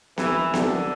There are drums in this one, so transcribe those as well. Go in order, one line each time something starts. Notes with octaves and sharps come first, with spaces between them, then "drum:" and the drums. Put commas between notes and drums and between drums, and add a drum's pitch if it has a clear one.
E3, drum: snare B3
D3, drum: snare B3